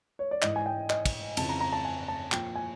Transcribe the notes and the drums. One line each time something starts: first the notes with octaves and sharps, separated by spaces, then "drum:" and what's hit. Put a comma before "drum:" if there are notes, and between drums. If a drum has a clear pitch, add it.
C#5
D5
G#2 E3 D#5, drum: clap
G#5
G5
D#5, drum: clap
drum: kick, cymbal
F2 C#3 E3 A5, drum: cymbal
A#5
A#5
A5
G#5
A5
A#2 F3 G5, drum: clap
G#5